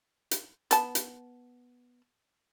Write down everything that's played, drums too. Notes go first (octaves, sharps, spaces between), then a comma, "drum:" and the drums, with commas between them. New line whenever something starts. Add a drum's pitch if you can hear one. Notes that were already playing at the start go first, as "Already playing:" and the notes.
drum: hi-hat
B3 A5, drum: hi-hat
drum: hi-hat